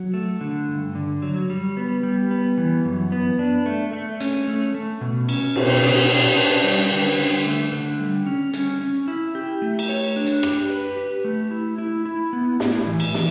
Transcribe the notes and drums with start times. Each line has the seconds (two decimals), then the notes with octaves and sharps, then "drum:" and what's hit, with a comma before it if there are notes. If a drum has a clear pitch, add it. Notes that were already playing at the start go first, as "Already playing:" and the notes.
Already playing: F#3
0.14 A3
0.41 D3
0.68 G2
0.95 D3
1.22 F#3
1.50 G3
1.77 B3
2.03 G3
2.31 B3
2.57 E3
2.85 F#2
3.12 B3
3.39 D4
3.66 A3
3.93 A3
4.20 C#4, drum: hi-hat
4.47 A3
4.75 A3
5.01 B2
5.29 C#4, drum: cymbal
5.56 B2, drum: cymbal
5.83 B2
6.10 D4
6.37 D4
6.64 G3
6.91 D3
7.18 D3
7.45 A3
7.72 D3
7.99 G3
8.26 C#4
8.54 C#4, drum: hi-hat
8.81 C#4
9.08 E4
9.35 G4
9.62 A3
9.79 drum: cymbal
9.89 C#5
10.16 D4
10.27 drum: hi-hat
10.43 G4, drum: rim click
10.70 B4
10.97 G4
11.24 A3
11.51 E4
11.78 E4
12.06 E4
12.33 B3
12.60 A2, drum: snare
12.87 E3
13.00 drum: cymbal
13.14 E3, drum: snare